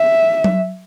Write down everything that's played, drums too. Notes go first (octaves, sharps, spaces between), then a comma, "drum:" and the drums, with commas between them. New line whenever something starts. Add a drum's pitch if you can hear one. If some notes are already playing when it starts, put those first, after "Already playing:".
Already playing: E5
drum: tom F#3